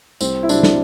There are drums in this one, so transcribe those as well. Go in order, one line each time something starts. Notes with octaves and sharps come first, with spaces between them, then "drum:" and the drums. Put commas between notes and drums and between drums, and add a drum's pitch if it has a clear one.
C2 C4, drum: tambourine
E4
C3 F#3 D4, drum: tambourine
drum: snare